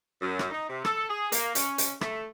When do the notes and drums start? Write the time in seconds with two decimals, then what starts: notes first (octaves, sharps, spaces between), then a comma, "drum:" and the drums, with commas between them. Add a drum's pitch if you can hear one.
0.22 F#2
0.39 drum: rim click
0.51 D#4
0.69 C3
0.85 A4, drum: rim click
1.09 G#4
1.32 A#3, drum: hi-hat
1.55 C#4, drum: hi-hat
1.78 drum: hi-hat
2.01 A3, drum: rim click